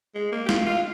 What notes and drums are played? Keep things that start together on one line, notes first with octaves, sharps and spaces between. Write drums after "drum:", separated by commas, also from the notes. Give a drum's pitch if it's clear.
G#3
A#3
G4
F4, drum: snare
F4